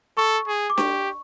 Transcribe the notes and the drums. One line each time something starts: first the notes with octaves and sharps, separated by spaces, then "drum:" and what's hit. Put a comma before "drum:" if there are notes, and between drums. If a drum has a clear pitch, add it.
A4 C#6
G#4
D6
G4 C#6, drum: snare D4